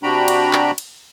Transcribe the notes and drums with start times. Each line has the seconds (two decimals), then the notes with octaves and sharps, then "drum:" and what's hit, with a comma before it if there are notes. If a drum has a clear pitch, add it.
0.03 C3 D4 F#4 G5 A#5 B5
0.28 drum: cymbal
0.53 drum: clap
0.78 drum: cymbal